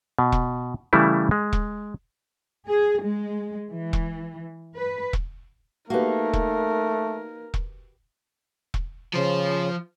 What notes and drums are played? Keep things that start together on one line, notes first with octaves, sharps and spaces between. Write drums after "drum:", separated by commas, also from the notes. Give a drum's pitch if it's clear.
B2
drum: kick E1
C#3 E3 G3 A3 E4
G#3
drum: kick E1
G#4
G#3
E3
drum: kick E1
B4
drum: kick E1
A3 A#3 D#4 F#4 G4 A#4 B4
drum: kick E1
drum: kick E1
drum: kick E1
C#3 F3 C5